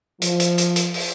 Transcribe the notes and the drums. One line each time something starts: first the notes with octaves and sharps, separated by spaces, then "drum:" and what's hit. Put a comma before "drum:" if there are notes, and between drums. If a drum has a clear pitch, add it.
F3, drum: hi-hat
drum: hi-hat
drum: hi-hat
drum: hi-hat
drum: open hi-hat